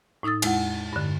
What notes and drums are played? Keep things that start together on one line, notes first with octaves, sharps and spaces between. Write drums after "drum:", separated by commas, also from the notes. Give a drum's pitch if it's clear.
A2 D#4 D#6 E6 A6
E2 G#3 E4 F#5, drum: cymbal
G2 D3